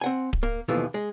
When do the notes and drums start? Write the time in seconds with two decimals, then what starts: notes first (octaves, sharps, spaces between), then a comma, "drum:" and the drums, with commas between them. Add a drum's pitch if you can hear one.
0.01 C4 F#5 G#5
0.33 drum: kick D1
0.43 A#3
0.68 D#2 B2 E3 F3 A3
0.94 G#3